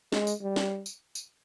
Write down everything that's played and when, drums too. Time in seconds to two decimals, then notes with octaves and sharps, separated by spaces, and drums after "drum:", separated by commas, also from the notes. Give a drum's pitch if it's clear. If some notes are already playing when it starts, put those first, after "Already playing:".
0.12 G#3, drum: snare
0.27 drum: tambourine
0.42 G3
0.56 drum: snare
0.86 drum: tambourine
1.15 drum: tambourine